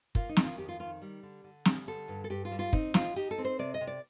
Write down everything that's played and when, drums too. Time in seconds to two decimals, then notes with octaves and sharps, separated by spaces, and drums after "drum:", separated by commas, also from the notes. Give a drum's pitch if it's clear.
0.15 A#3 F4, drum: kick
0.29 D#4
0.36 D#3, drum: snare
0.43 F4
0.58 F2 G4
0.68 F4
0.79 D#3 F4
1.02 G3
1.23 D3
1.44 D3
1.65 G3, drum: snare
1.87 D3 A4
2.08 G2
2.24 A4
2.30 G2 G4
2.45 F4
2.52 G3
2.59 F4
2.73 C4 D#4, drum: kick
2.94 D#4 F4, drum: snare
3.16 D#4 G4
3.31 A4
3.38 C4
3.45 C5
3.59 C3 D5
3.74 D#5
3.81 C3
3.87 D5